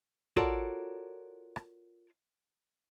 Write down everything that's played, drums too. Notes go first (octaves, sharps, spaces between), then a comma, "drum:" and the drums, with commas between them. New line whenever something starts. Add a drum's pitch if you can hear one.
F4 F#4 A4 A#4 C#5 D5, drum: kick
drum: rim click